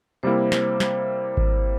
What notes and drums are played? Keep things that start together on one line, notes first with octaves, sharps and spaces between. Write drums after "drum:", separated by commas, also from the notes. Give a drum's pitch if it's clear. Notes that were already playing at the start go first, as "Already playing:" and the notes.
C3 G3 A#3 E4 C5
drum: snare
drum: snare
drum: kick G#1